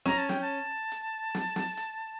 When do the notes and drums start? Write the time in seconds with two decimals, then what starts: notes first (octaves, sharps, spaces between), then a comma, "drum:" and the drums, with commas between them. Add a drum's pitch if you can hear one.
0.06 C#4 A#5, drum: snare
0.18 A5
0.29 G5, drum: snare
0.42 A5
0.92 drum: hi-hat
1.34 drum: snare
1.56 drum: snare
1.77 drum: hi-hat